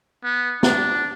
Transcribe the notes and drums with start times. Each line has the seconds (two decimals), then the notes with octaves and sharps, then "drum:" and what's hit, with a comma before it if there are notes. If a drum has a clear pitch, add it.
0.24 B3
0.63 D4, drum: snare